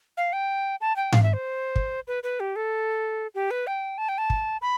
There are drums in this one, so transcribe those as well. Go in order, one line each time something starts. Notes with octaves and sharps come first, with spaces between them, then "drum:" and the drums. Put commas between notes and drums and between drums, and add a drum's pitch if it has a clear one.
F5
G5
A5
G5
F5, drum: tom G#2
E5
C5
drum: kick
B4
B4
G4
A4
G4
B4
G5
A5
G5
A5
drum: kick
B5